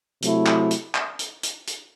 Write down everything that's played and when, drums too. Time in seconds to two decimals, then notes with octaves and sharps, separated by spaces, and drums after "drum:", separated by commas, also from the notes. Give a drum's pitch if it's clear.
0.22 C3 F#3 A3 E4, drum: hi-hat
0.46 drum: clap
0.71 drum: hi-hat
0.95 drum: clap
1.19 drum: hi-hat
1.43 drum: hi-hat
1.67 drum: hi-hat